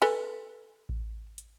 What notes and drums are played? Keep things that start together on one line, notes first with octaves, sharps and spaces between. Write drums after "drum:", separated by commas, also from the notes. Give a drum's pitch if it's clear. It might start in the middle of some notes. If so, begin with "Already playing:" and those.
A4 B4 G#5, drum: cymbal
drum: kick A1
drum: hi-hat